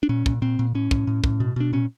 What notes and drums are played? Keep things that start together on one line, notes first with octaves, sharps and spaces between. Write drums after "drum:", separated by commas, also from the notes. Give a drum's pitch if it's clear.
D4
A#2 C#4
A#2, drum: kick
A#2 C4
A#2
A2 C#4
A2, drum: kick
A2
A2, drum: kick
B2
B2 D4
A#2 C#4